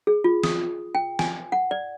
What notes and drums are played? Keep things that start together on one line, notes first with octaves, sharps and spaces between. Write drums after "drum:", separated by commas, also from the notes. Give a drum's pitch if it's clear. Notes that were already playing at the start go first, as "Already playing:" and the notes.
G#4
F4
D#6, drum: snare
G5
G#5, drum: snare
F#5
D5